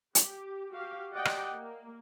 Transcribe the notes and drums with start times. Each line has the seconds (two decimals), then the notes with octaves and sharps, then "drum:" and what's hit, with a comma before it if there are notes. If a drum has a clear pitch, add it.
0.15 G4, drum: hi-hat
0.70 F#4 G4 F5
1.13 G4 D5 D#5 F#5 G5
1.25 drum: rim click
1.52 A#3